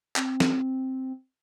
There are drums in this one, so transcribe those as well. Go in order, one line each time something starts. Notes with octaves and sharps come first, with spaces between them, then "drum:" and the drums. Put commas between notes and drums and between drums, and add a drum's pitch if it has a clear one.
C4, drum: clap
drum: snare